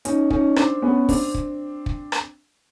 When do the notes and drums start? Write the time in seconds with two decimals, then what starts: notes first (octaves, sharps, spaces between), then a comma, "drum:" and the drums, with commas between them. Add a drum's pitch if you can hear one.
0.05 C#4 D#4, drum: hi-hat
0.30 C#4 D#4, drum: kick
0.56 C4 D4, drum: rim click
0.82 B3 C#4
1.09 C4 D4, drum: kick, open hi-hat
1.34 drum: kick
1.86 drum: kick
2.12 drum: rim click